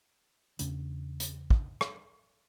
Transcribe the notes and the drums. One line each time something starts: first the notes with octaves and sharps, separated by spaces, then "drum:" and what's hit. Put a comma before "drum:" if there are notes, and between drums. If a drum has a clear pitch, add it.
E2 C#3 C#4 D4, drum: hi-hat
drum: hi-hat
drum: kick
drum: rim click